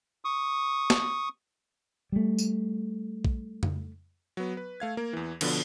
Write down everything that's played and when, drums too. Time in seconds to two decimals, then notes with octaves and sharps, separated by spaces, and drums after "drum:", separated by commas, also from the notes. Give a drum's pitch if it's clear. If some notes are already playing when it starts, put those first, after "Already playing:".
0.25 C#6 D#6
0.90 drum: snare
2.12 G3 A3
2.38 drum: tambourine
3.25 drum: kick A#1
3.63 drum: tom F2
4.37 F#3 B3
4.57 B4
4.80 A3 F5 G#6
4.97 A#3 A#4
5.13 E2 E3
5.41 B2 D3 F3 B3, drum: cymbal